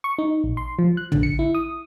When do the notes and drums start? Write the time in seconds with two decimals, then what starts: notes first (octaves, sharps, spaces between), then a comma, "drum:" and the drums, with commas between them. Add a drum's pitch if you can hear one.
0.04 C#6
0.18 D#4
0.44 A#1
0.57 C6
0.79 F3
0.97 F#6
1.12 D3, drum: tom A#1
1.23 C#7
1.39 E4
1.55 D#6